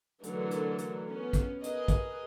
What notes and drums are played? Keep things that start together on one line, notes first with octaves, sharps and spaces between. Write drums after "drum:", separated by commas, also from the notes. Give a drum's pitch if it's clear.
D3 E3 F#3 A3 A4 A#4, drum: hi-hat
drum: hi-hat
drum: hi-hat
B3 C#4
drum: kick, hi-hat
G#4 A#4 B4 D#5, drum: hi-hat
drum: kick, hi-hat